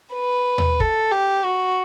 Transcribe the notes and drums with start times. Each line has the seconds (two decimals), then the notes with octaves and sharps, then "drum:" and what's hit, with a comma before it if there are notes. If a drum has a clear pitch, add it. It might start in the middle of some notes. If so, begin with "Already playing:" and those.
0.15 B4
0.58 drum: tom D#2
0.80 A4, drum: kick
1.12 G4
1.45 F#4